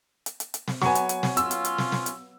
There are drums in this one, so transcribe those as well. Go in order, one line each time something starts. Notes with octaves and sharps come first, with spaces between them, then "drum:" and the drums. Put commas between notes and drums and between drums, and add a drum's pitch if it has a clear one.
drum: hi-hat
drum: hi-hat
drum: hi-hat
drum: snare
F#3 B3 G#5 C#6, drum: snare
drum: hi-hat
drum: hi-hat
drum: snare
C#4 F4 E6, drum: hi-hat
drum: hi-hat
drum: hi-hat
drum: snare
drum: snare
drum: hi-hat